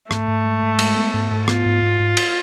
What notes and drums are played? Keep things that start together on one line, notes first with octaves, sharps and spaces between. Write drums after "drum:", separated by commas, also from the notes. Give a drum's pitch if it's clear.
G#2 A3, drum: rim click
G#2
G#3
G#2
G#3, drum: cymbal
B3
G#2
G#2
B3 F4, drum: rim click
G#2
G#2
G#2
drum: cymbal